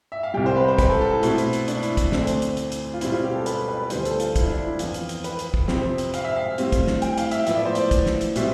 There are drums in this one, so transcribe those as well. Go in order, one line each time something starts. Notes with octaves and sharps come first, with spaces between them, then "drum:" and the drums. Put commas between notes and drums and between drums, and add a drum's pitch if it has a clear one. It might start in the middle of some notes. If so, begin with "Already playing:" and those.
E5
F5
C2 C3 G3 G5
C5
B4
C5
B4, drum: kick, hi-hat
A4
A4
E4
B2 A3 C4 E4, drum: hi-hat
drum: hi-hat
drum: hi-hat
D4, drum: hi-hat
E4, drum: hi-hat
E4, drum: kick, hi-hat
D2 D3 A3 C4 D4, drum: snare
drum: hi-hat
drum: hi-hat
drum: hi-hat
drum: hi-hat
F4
B2 G3 C4 E4, drum: hi-hat
F4
G4
A4
B4, drum: hi-hat
B4
B4
D2 D3 G3 B3 C5, drum: hi-hat
A4, drum: hi-hat
F4, drum: hi-hat
E4, drum: kick, hi-hat
D4
E4
F2 E3 B3 F4, drum: hi-hat
drum: hi-hat
drum: hi-hat
B4, drum: hi-hat
drum: hi-hat
drum: kick
F2 C3 F3 C4, drum: snare
drum: hi-hat
F5, drum: hi-hat
E5
F5
A2 G3 C4, drum: hi-hat
drum: kick, hi-hat
drum: snare
G5, drum: hi-hat
F5, drum: hi-hat
E5, drum: hi-hat
A2 F3 B3 E5, drum: hi-hat
D5
C5
D5, drum: hi-hat
drum: kick, hi-hat
drum: snare
drum: hi-hat
B2 G3 C4 E5, drum: hi-hat